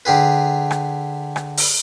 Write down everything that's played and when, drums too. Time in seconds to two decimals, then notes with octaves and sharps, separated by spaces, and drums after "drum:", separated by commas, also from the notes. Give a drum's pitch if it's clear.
0.05 D3 G4 G#4 B4
0.71 drum: rim click
1.36 drum: rim click
1.57 drum: open hi-hat